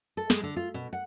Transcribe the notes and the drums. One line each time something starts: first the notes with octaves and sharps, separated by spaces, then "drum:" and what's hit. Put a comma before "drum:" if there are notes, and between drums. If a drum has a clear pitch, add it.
A4
G#3, drum: snare
D3
F4
B2
F#5